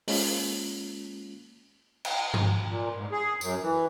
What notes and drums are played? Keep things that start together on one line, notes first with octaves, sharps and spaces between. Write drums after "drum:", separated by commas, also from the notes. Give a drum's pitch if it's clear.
G#3 A#3 C#4 F4, drum: open hi-hat
drum: cymbal
drum: tom G2
A#2
G#2
G#4
F#2, drum: tambourine
E3